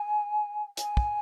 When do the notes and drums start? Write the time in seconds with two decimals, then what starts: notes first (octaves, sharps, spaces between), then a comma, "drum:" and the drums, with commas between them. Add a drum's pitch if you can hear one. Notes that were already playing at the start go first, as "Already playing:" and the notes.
Already playing: G#5
0.77 G#5, drum: hi-hat
0.97 drum: kick